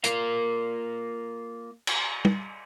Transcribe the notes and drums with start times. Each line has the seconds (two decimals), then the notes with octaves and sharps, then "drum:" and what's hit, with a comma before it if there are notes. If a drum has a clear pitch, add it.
0.04 A#3 F4 A#4 F5, drum: hi-hat
1.87 drum: cymbal
2.25 drum: tom